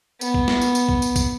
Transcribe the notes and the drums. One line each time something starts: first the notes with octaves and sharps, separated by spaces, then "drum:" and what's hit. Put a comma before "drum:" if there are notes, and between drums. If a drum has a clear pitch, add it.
B3, drum: tambourine
drum: kick
drum: snare
drum: tambourine
drum: tambourine
drum: kick
drum: tambourine
drum: kick, tambourine